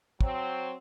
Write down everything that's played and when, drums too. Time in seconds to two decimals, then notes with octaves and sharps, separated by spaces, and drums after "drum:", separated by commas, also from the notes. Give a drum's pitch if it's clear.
0.21 F#3 C4, drum: kick